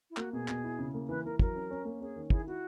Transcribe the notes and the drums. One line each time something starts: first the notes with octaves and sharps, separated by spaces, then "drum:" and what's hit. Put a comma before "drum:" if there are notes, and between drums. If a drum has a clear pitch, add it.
E4
A#3 F#4, drum: clap
B2 G#4
B2, drum: clap
E4
C#3
A#3
E3 B4
E3 A#4
F#3 A#4, drum: kick
C#4
C#4
A#3
C#4 G#4
D#3
E4 G#4, drum: kick
E4 F#4